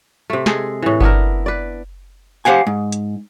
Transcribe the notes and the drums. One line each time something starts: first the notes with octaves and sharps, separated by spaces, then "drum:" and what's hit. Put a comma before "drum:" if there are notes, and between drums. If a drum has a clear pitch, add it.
C3 A3
G#3 G#4 A4, drum: snare
A2 E3
B3 D4 E4 A#4, drum: kick G1
B4 D5
G4 C5 F5 F#5 G#5
G#2
drum: hi-hat